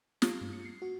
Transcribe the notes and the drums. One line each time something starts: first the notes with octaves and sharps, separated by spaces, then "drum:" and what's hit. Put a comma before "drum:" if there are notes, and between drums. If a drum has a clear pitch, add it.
F4, drum: snare
G2
C#7
C7
F#4